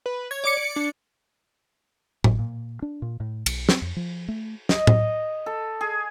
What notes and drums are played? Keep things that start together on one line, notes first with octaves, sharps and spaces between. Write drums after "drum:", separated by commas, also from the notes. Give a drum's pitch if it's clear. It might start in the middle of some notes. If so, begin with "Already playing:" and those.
B4
C#5 G#6
D5 D6 C#7
D7
D4
G#1, drum: tom
A#2
D4
A#2
A2
B1, drum: cymbal
C4, drum: snare
F2
F3
A3
D#5, drum: snare
drum: tom
A4
G#4